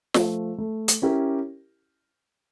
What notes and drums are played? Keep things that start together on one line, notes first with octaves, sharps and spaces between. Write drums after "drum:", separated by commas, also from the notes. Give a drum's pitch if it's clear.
F3 A3, drum: snare
A3
drum: hi-hat
C#4 E4 G4 A#4